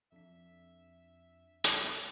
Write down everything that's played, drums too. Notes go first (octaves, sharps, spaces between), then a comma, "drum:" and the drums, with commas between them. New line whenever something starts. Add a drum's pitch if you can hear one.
F2 D4 E5 B6
drum: hi-hat